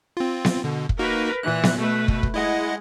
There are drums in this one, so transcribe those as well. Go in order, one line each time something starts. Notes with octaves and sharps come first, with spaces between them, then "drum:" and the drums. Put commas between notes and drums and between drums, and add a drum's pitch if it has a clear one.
C4 F4
drum: snare B3
B2 D3
drum: kick
A#3 D#4 F#4 A#4 B4
A#2 E3 F#6
drum: snare B3
B2 A3 B4
drum: kick
drum: kick
G#3 E4 D#5 F#5